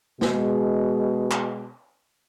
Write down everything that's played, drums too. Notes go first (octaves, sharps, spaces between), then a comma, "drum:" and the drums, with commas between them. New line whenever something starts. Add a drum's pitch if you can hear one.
B2 G#3, drum: snare
drum: clap